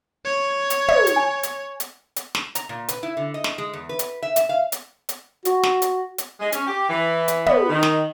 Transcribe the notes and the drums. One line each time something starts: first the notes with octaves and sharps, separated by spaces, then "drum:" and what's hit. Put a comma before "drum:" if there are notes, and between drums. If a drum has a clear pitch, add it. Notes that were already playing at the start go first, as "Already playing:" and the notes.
C#5
drum: hi-hat
drum: tom
drum: hi-hat
G#5
drum: hi-hat
drum: hi-hat
drum: hi-hat
drum: snare
A#5, drum: hi-hat
A#2
B4, drum: hi-hat
E4
D3
D#5
drum: snare
G#3
E2
B4
drum: hi-hat
E5
E5, drum: hi-hat
F5
drum: hi-hat
drum: hi-hat
F#4, drum: hi-hat
drum: snare
drum: hi-hat
drum: hi-hat
G#3
C#4, drum: hi-hat
G4
E3
drum: hi-hat
B3, drum: tom
D#3
drum: snare